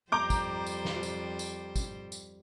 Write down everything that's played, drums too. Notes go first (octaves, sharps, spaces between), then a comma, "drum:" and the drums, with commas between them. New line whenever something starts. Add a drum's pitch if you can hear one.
F2 G3 C5 A#5 D6 G6
drum: kick, tambourine
drum: tambourine
drum: snare
drum: tambourine
drum: tambourine
drum: kick, tambourine
drum: tambourine